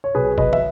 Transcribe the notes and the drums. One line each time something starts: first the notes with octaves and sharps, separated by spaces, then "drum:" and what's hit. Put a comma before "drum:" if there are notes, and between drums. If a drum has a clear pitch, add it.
C#5
B1 G#4 B4
B1 B4 D#5, drum: kick
E5, drum: tom